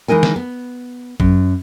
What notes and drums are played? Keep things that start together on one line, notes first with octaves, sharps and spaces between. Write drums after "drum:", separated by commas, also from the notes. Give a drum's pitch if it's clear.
E3 G#3 D#4 A#4 G#5
drum: snare
B3
F#2, drum: kick